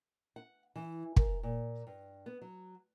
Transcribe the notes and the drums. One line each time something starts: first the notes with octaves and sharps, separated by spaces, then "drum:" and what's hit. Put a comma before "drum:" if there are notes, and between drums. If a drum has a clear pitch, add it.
F#5
E3
A#4, drum: kick
A#2
G2
B3
F#3